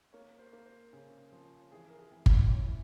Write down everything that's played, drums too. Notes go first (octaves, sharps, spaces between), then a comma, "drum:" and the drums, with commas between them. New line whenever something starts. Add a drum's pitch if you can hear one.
A#3 C#5
C5
A#3
C5
C#3
F3
E3 G#4
A#4
G#4
E3
F4, drum: kick G1
E3 C#4
E4